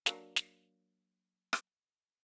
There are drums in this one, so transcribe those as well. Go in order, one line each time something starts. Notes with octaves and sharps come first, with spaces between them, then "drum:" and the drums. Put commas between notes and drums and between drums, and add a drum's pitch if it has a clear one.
F#3 A#3 D4, drum: snare
drum: snare
drum: rim click